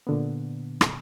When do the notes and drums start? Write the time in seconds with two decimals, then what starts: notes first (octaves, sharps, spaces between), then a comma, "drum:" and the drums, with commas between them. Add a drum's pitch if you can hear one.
0.07 A#2 D3 B3
0.81 drum: rim click